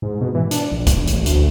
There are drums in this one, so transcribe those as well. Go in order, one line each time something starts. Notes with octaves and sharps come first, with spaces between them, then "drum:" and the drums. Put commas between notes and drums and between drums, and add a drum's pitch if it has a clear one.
G#2
B2
E3
D4, drum: hi-hat
A#1
E1, drum: kick A1, hi-hat
A1, drum: hi-hat
D2, drum: hi-hat